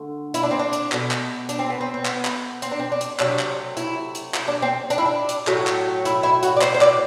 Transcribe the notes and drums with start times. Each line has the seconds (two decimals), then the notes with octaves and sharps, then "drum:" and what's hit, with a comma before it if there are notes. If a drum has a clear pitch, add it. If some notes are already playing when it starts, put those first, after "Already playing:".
Already playing: D3 A3
0.34 E4, drum: hi-hat
0.43 D4
0.51 C4
0.59 D4
0.73 drum: hi-hat
0.92 B2 A3, drum: clap
1.11 drum: clap
1.49 D4, drum: hi-hat
1.59 C4
1.70 B3
1.81 C4
1.94 C4
2.05 B3, drum: clap
2.25 drum: clap
2.62 C4, drum: hi-hat
2.71 D4
2.80 C4
2.92 D4
3.01 drum: hi-hat
3.19 C3 F#3 A3 D4, drum: clap
3.39 drum: clap
3.77 E4, drum: hi-hat
4.15 drum: hi-hat
4.34 E4, drum: clap
4.48 D4
4.62 C4
4.90 D4, drum: hi-hat
4.98 E4
5.05 D4
5.29 drum: hi-hat
5.47 A2 F#3 A3, drum: clap
5.67 drum: clap
6.05 E4, drum: hi-hat
6.23 E4
6.43 F#4, drum: hi-hat
6.56 D5
6.61 C5, drum: clap
6.74 C5
6.81 D5, drum: clap